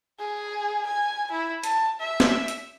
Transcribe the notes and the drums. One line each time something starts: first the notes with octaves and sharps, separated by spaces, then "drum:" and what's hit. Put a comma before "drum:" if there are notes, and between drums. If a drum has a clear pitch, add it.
G#4
G#5
E4
A5, drum: hi-hat
E5
drum: snare
drum: hi-hat